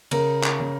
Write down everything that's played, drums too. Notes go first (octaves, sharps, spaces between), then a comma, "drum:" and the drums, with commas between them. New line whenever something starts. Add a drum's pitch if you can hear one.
C#3 A#4, drum: cymbal
drum: clap
C#3